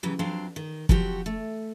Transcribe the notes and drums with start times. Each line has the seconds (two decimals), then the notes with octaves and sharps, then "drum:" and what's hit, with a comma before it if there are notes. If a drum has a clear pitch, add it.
0.03 C#3 E3 F#3 G4
0.19 F2 F#3 C4 D4 C5 F5
0.56 D#3
0.89 F3 F#3 C4 F#4 G4, drum: kick
1.26 A3